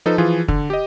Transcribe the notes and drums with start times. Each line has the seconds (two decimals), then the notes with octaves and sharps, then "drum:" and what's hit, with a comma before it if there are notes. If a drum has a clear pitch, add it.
0.06 F3 D#4 A4 B4
0.18 E3 F3 F4 G#4
0.48 D3, drum: kick
0.70 G4 D#5